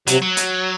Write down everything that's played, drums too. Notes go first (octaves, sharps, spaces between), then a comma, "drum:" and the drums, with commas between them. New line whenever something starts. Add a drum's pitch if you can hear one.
C3 F#3, drum: hi-hat
F#3
drum: hi-hat